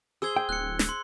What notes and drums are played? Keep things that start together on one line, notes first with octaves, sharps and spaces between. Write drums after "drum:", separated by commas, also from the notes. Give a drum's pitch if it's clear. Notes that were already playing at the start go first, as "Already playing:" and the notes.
G#4 C5 E6 G#6 G7
G5
D1 F#6 C#7
drum: snare
C6